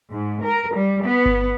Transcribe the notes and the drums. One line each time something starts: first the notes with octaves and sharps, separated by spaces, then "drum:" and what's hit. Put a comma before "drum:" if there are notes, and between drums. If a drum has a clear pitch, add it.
G#2
A#4
G3
B3
drum: kick G1